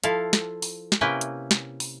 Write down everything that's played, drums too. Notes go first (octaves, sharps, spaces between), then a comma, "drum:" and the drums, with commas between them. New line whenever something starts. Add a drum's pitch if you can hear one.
F3 E4 A4 F5, drum: hi-hat
drum: snare
drum: open hi-hat
drum: snare
C3 A#3 C#4 E4 B4 G5
drum: hi-hat
drum: snare
drum: open hi-hat